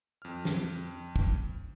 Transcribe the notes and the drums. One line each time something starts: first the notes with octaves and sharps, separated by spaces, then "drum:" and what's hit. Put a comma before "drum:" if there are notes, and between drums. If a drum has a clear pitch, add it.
F2 F6
drum: snare
drum: kick